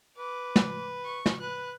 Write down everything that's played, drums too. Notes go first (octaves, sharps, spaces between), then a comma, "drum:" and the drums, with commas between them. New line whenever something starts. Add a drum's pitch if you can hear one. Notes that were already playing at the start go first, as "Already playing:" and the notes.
B4 D6
drum: snare
C#6
drum: snare
B4 F#6